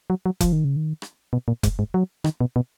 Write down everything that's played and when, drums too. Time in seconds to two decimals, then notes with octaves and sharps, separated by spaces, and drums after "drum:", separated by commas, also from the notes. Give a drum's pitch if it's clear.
0.10 F#3
0.26 F#3
0.41 F3, drum: kick F1, hi-hat
0.53 D#3
0.64 C#3
0.76 D#3
1.02 drum: rim click
1.33 B2
1.48 A#2
1.63 G#2, drum: kick F1, hi-hat
1.79 G#2
1.94 F#3
2.24 D#3, drum: rim click
2.41 B2
2.56 B2